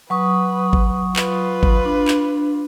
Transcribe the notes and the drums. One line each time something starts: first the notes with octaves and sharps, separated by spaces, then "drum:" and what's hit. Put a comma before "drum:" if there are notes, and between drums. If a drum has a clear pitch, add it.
F#3 B4 C#6 D#6
drum: kick G#1
F4 B4, drum: clap
drum: kick G#1
D4
drum: clap